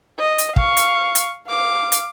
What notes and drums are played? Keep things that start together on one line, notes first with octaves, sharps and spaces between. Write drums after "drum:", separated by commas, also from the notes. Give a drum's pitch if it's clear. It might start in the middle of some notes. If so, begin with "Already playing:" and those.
D#5
drum: hi-hat
F5 C#6, drum: kick
drum: hi-hat
drum: hi-hat
F5 D6
drum: hi-hat